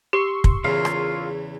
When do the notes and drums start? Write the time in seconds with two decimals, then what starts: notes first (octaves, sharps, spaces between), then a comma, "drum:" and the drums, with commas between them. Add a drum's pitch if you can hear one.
0.13 G4 C6 C#6 E6
0.44 drum: kick
0.65 E2 C#3 E3 F4 A#4 F5
0.85 drum: rim click